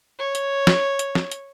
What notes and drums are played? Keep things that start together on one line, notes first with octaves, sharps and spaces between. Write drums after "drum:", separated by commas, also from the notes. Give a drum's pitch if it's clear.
C#5
drum: hi-hat
drum: snare
drum: hi-hat
drum: snare
drum: hi-hat